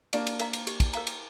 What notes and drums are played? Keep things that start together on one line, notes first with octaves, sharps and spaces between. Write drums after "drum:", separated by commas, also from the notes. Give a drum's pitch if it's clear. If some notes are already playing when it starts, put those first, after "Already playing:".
A#3 D4 G4, drum: cymbal
drum: cymbal
A#4 F5 A#5, drum: cymbal
drum: cymbal
G4, drum: cymbal
drum: kick, cymbal
A#4 F5 A#5, drum: cymbal
drum: cymbal